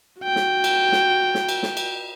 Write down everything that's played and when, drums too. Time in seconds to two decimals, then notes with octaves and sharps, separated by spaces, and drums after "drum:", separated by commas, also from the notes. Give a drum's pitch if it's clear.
0.22 F#4 G5
0.36 drum: snare
0.64 drum: cymbal
0.92 drum: snare
1.34 drum: snare
1.49 drum: cymbal
1.63 drum: snare
1.77 drum: cymbal